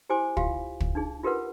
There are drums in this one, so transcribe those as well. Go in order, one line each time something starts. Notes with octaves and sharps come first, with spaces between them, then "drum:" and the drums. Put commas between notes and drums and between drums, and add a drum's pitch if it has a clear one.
E4 G4 C5 G#5 D6
F4 G4 F5, drum: kick
drum: kick
D4 D#4 G#4
F4 G4 A#4 B4 F#5